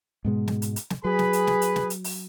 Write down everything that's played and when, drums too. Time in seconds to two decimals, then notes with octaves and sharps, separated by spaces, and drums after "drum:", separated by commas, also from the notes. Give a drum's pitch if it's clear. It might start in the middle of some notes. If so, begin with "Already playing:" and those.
0.25 G#2 B2 G#3
0.48 drum: snare
0.62 drum: hi-hat
0.76 drum: hi-hat
0.90 drum: snare
1.05 F#3 G#4 B4 B5
1.19 drum: snare
1.33 drum: hi-hat
1.47 drum: snare
1.62 drum: hi-hat
1.76 drum: snare
1.90 drum: hi-hat
2.04 drum: open hi-hat